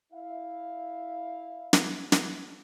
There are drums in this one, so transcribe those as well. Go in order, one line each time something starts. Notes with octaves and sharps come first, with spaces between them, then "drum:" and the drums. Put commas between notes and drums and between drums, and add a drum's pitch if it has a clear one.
E4 E5 F5
drum: snare
drum: snare